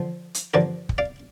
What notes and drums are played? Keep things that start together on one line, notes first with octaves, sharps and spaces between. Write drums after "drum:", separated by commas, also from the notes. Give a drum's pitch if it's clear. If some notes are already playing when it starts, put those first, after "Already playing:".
Already playing: D3 F3
drum: hi-hat
G2 D3 F3 A#4 D5
drum: kick
D5 F5